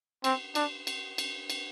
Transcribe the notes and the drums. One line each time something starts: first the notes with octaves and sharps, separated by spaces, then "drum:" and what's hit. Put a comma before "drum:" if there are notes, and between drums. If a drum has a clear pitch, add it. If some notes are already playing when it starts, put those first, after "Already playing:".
C4, drum: cymbal
D4, drum: cymbal
drum: cymbal
drum: cymbal
drum: cymbal